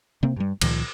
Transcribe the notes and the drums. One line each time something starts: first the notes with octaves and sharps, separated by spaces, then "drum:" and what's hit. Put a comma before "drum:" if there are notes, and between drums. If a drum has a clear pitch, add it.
C3 A#3 C4
G2 G3
C#2 A#2 D#3 F3, drum: cymbal